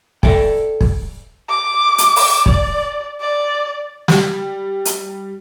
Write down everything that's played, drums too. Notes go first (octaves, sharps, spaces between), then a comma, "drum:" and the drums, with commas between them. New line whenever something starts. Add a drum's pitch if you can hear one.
A4 D5 E5 G5, drum: kick
drum: kick
D6
drum: hi-hat
drum: open hi-hat
D5, drum: kick
D5
G3, drum: snare
drum: hi-hat